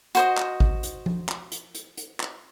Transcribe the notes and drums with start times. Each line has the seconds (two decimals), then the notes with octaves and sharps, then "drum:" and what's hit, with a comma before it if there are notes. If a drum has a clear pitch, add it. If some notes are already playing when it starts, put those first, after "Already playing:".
0.15 F#4 C5 D#5, drum: hi-hat
0.38 drum: clap
0.60 drum: kick G#1
0.83 drum: hi-hat
1.06 drum: tom F3
1.29 drum: clap
1.52 drum: hi-hat
1.75 drum: hi-hat
1.97 drum: hi-hat
2.20 drum: clap